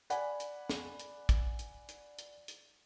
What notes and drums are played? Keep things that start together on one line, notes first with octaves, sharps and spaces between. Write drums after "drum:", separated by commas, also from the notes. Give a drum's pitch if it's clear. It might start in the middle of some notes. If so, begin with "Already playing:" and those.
D5 F#5 G#5 B5, drum: hi-hat
drum: hi-hat
drum: snare
drum: hi-hat
drum: kick, hi-hat
drum: hi-hat
drum: hi-hat
drum: hi-hat
drum: hi-hat